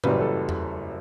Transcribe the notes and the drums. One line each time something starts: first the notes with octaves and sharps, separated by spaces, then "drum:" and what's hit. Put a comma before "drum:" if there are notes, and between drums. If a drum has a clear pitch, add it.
F#1 F#2 E3 G3 B4, drum: tom A2
A4
drum: tom E2